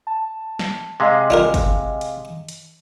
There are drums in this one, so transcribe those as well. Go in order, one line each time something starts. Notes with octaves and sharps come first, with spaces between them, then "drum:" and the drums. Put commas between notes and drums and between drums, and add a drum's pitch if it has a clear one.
A5
drum: snare
C3 G#3 D#5 F5 G#5
D4 F4 A#4
drum: kick G1, hi-hat
drum: hi-hat
drum: hi-hat